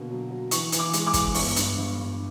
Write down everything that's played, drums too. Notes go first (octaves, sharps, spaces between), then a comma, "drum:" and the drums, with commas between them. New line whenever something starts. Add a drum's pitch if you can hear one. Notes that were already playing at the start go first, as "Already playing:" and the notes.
Already playing: B2 D3 A#3
F#3
F#3
E3 C#6, drum: hi-hat
E3, drum: hi-hat
D6
G#3, drum: hi-hat
D6
E3, drum: kick, hi-hat
G1 C#6, drum: open hi-hat
G2, drum: hi-hat
G1
G2